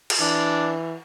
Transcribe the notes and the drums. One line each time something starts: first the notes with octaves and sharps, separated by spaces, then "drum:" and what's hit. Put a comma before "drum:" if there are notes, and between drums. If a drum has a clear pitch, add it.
drum: cymbal
E3 D4